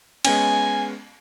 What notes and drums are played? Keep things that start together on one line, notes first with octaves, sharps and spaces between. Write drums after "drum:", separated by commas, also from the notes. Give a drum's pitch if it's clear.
G#3 B3 C#4 G#5, drum: cymbal